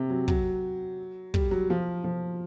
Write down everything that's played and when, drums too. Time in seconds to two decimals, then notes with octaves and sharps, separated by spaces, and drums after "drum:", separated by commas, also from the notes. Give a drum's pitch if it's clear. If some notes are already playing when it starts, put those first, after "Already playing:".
Already playing: C3
0.10 F#3
0.28 F#3, drum: kick
1.34 G3, drum: kick
1.51 F#3
1.70 F3
2.04 F3